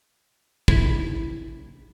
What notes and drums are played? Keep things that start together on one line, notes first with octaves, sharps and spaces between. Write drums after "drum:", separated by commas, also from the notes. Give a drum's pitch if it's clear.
E4, drum: kick